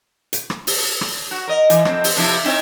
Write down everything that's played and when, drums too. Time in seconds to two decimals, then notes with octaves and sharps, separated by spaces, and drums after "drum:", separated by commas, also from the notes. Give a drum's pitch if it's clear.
0.33 drum: hi-hat
0.50 drum: rim click
0.67 drum: open hi-hat
1.01 drum: rim click
1.31 F#4
1.47 A#4 D#5
1.70 E3, drum: hi-hat
1.85 F2 C4, drum: rim click
2.04 drum: open hi-hat
2.17 C3 F3 E4
2.44 C4 D#4 E4